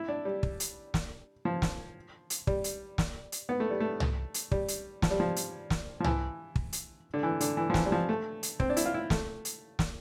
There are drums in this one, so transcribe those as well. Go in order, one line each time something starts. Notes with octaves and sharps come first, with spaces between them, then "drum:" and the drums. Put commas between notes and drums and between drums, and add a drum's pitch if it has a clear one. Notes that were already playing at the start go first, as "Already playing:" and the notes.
Already playing: E4
D4
G3
drum: kick
drum: hi-hat
drum: snare
F3
drum: snare
drum: hi-hat
G3, drum: kick
drum: hi-hat
drum: snare
drum: hi-hat
B3
A3
G3
A3
drum: tom
drum: hi-hat
G3, drum: kick
drum: hi-hat
F3, drum: snare
G3
F3
drum: hi-hat
drum: snare
F3
E3, drum: tom
drum: kick
drum: hi-hat
D3
E3
D3, drum: hi-hat
E3
F3
E3, drum: snare
G3
F3
A3
drum: hi-hat
C4, drum: kick
D4
E4, drum: hi-hat
F4
E4
A3, drum: snare
drum: hi-hat
drum: snare